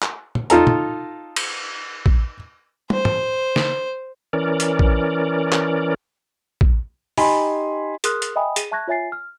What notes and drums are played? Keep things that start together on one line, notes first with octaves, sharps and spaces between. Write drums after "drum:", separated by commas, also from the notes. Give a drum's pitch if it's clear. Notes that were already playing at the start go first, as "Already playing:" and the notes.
drum: clap
drum: tom
D#4 F4 A4 A#5, drum: hi-hat
drum: tom
drum: cymbal
drum: kick
C5, drum: tom
drum: tom
drum: snare
E3 C#4 A#4 D5
drum: hi-hat
drum: kick
drum: clap
drum: kick
D#4 G4 G#5 B5 C6, drum: open hi-hat
G#4 A#4 C6 D#6 F6 F#6, drum: hi-hat
drum: hi-hat
D#5 E5 G5 G#5 B5 D#6
G#4 D#7, drum: hi-hat
E5 A5 C#6 F#6 G#6 A#6
F4 C#5 E5 G#5 A6 C7
F6